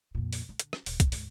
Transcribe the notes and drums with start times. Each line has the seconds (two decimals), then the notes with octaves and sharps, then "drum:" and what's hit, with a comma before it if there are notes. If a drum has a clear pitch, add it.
0.15 F2 A#2
0.33 drum: open hi-hat
0.49 D3
0.59 drum: hi-hat
0.73 drum: rim click
0.86 D#1, drum: open hi-hat
1.00 drum: kick B1, hi-hat
1.12 D2 G#2, drum: open hi-hat